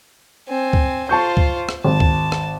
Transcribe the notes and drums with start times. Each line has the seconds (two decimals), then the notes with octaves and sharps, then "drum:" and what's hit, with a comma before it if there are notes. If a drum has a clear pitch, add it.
0.49 C4 G#5
0.73 drum: kick C#2
1.09 F4 C5 A5 C#6 G6
1.37 drum: kick C#2
1.69 drum: rim click
1.85 G#1 A5
2.00 drum: kick C#2
2.32 drum: rim click